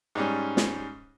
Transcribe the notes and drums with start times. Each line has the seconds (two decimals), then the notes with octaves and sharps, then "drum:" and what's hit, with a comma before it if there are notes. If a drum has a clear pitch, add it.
0.15 G#2 G3 C#4
0.57 drum: snare